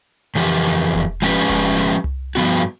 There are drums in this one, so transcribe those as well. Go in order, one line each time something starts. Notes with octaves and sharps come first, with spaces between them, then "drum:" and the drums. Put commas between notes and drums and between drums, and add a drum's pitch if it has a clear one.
F2 E3 G4
drum: snare
drum: kick E1, hi-hat
F3 G#3 C#4 G4 B4, drum: snare
drum: kick E1
drum: snare
drum: tom C2
G2 F3 B3 F#4